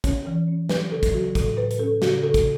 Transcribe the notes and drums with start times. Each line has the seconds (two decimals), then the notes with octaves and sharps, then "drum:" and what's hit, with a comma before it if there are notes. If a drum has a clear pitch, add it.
0.04 C#4 C#5, drum: kick, hi-hat
0.27 E3
0.48 C#4
0.69 F#3 B4, drum: snare
0.92 C#3 A4
1.03 drum: kick, hi-hat
1.14 F#3 F#4
1.35 A2 A4, drum: kick, hi-hat
1.57 A2 B4
1.71 B4, drum: hi-hat
1.79 C#4 A4
2.02 C#3 F#4, drum: snare
2.23 C#3 A4
2.34 drum: kick, hi-hat